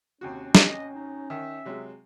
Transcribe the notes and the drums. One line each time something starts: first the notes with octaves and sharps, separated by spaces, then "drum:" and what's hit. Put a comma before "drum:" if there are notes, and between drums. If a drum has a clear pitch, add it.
D#2 C3 C#4 F#4
D#5, drum: snare
D#4
D#3 E5
C3 F#3 G#3